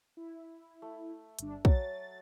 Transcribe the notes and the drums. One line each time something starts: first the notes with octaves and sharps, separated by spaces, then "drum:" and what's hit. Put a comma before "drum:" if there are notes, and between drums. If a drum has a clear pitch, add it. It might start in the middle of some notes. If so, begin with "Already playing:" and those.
E4
A3
G1 D4, drum: hi-hat
F#3 A6, drum: kick